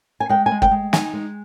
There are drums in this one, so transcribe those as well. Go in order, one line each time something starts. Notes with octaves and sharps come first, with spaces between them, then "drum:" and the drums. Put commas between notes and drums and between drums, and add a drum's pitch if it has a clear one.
G#5
G#3 G5
G#5
G#3
G5, drum: kick
G#3
D#4 G#5, drum: snare
G#3